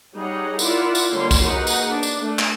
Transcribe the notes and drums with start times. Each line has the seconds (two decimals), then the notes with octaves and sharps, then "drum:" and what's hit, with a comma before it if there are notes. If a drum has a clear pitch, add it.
0.15 G3 D#4 G#4 C#5 F#5
0.59 E4 F4 A#4 D5 E5 F#5, drum: tambourine
0.95 drum: tambourine
1.11 D3 G3 A#3 G4 C#5 C6
1.31 drum: kick, tambourine
1.42 A#3 D#4 F#4 G#4 B4 F#5
1.67 drum: tambourine
1.90 D4
2.03 drum: tambourine
2.20 A3
2.39 drum: clap